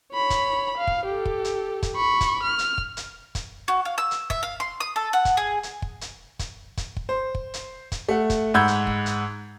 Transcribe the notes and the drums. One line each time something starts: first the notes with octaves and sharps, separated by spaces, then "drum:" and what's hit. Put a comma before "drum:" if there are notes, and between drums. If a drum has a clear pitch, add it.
C#5 B5
drum: kick, hi-hat
F5
drum: kick
G4 A4
drum: kick
drum: hi-hat
drum: kick, hi-hat
B5 C#6
drum: kick, hi-hat
F6
drum: hi-hat
drum: kick
drum: hi-hat
drum: kick, hi-hat
F#4
F5
E6
drum: hi-hat
E5, drum: kick
F5
C6
D#6
A4
F#5
drum: kick, hi-hat
G#4
drum: hi-hat
drum: kick
drum: hi-hat
drum: kick, hi-hat
drum: kick, hi-hat
drum: kick
C5
drum: kick
drum: hi-hat
drum: kick, hi-hat
A3 F#5
drum: kick, hi-hat
G#2 F#5 B5 E6 G6 G#6
drum: hi-hat
drum: kick
drum: hi-hat